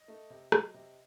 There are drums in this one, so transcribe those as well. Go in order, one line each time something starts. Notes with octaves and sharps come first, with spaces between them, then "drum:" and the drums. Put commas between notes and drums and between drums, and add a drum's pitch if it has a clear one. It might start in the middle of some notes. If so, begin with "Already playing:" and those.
Already playing: D#5
A3
C3
F#3, drum: rim click
C3